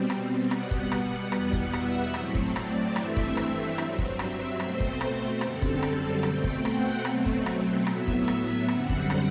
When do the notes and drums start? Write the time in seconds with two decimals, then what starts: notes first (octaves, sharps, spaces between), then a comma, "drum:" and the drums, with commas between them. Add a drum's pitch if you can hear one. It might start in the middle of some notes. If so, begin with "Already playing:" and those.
Already playing: B2 G3 C4
0.10 drum: rim click
0.51 B2 G3 B3 F#5, drum: rim click
0.71 drum: kick
0.92 drum: rim click
1.32 E2 B2 G3 B3 F#5, drum: rim click
1.53 drum: kick
1.73 E5, drum: rim click
2.14 A2 F#3 A3 C4, drum: rim click
2.35 drum: kick
2.56 D5, drum: rim click
2.96 G2 E3 A3 C4 E5, drum: rim click
3.17 drum: kick
3.37 drum: rim click
3.78 G2 F#3 C4, drum: rim click
3.98 drum: kick
4.19 E5, drum: rim click
4.60 B2 A3 C4 C5, drum: rim click
4.80 drum: kick
5.01 drum: rim click
5.41 F#2 D3 G3 C4 A4, drum: rim click
5.62 drum: kick
5.83 drum: rim click
6.23 B2 A3 C4 G5, drum: rim click
6.44 drum: kick
6.65 F#5, drum: rim click
7.05 B2 F#3 A3 C4, drum: rim click
7.26 drum: kick
7.46 drum: rim click
7.87 A2 F#3 B3 E5, drum: rim click
8.08 drum: kick
8.28 E5, drum: rim click
8.68 F#2 D3 G3 C4 F#5, drum: rim click
8.89 drum: kick
9.10 drum: rim click